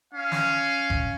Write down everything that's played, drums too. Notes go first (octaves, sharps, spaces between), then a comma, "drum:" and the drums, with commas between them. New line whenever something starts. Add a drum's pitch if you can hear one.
C#4 F5
drum: snare
drum: kick G1